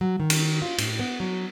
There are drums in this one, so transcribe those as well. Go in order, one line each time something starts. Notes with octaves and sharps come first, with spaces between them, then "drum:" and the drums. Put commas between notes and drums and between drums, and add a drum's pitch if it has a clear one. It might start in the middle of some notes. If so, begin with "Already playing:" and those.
F#3
D#3
drum: cymbal
F4
A2, drum: cymbal
B3
F#3